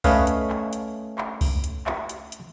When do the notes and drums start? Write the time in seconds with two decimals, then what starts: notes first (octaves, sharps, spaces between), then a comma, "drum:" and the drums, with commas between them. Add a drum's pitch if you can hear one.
0.04 A3 C#4 B4 C#5 D#5 F5, drum: kick C2, open hi-hat
0.27 drum: hi-hat
0.50 drum: clap
0.73 drum: hi-hat
1.18 drum: clap
1.41 drum: kick C2, open hi-hat
1.64 drum: hi-hat
1.87 drum: clap
2.09 drum: hi-hat
2.32 drum: hi-hat